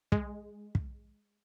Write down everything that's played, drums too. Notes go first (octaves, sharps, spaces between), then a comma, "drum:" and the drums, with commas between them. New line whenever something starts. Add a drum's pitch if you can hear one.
G#3, drum: kick
drum: kick